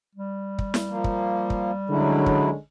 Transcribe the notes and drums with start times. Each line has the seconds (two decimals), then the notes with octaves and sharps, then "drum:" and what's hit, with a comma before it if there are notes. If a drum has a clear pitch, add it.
0.15 G3
0.59 drum: kick
0.74 drum: snare
0.89 F3 A#3
1.04 drum: kick
1.50 drum: kick
1.89 D3 F#3 G#3 C#4 E4
2.26 drum: kick